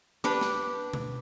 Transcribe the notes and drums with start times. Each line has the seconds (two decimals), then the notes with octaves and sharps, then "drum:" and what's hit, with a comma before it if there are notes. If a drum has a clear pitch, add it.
0.24 D4 G4 B4
0.41 drum: snare
0.93 drum: tom B2